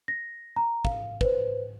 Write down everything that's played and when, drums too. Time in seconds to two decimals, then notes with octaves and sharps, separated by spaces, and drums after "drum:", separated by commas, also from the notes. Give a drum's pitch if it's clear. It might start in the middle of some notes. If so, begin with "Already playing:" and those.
0.08 A#6
0.56 A#5
0.85 F5, drum: kick
1.21 B4 C5, drum: kick